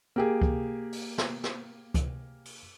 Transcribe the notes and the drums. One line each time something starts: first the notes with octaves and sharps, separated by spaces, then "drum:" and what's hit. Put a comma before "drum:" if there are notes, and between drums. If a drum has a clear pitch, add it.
A#3 G4 G#4
drum: kick C#2
drum: open hi-hat
drum: snare
drum: snare
drum: kick C#2, hi-hat
drum: open hi-hat